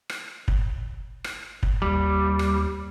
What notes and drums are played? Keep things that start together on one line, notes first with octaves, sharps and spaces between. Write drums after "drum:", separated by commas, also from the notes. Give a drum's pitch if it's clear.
drum: rim click
drum: kick
drum: rim click
drum: kick
D#2 G3
drum: rim click